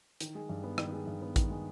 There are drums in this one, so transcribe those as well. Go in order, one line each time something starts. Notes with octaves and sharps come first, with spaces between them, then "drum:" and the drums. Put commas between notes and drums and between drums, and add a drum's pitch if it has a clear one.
D#3, drum: hi-hat
G#3
G2
B3
D#3, drum: rim click
G#3
G2
B3
D#3, drum: kick A1, hi-hat
G#3